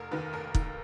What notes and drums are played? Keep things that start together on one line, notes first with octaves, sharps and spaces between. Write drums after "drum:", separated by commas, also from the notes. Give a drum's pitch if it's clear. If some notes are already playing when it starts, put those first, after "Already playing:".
Already playing: F1 A#4
D#2 D#3 B4
F1 A#4
D#2 D#3, drum: kick